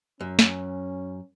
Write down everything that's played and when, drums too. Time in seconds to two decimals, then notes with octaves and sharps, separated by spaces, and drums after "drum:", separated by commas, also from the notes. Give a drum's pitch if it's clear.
0.21 F#2 C#4
0.39 drum: snare